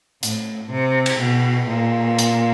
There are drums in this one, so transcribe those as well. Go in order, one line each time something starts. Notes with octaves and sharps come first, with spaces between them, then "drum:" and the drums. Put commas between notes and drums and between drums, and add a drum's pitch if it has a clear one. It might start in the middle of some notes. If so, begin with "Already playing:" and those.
A2, drum: hi-hat
C3
drum: cymbal
B2
A#2
drum: hi-hat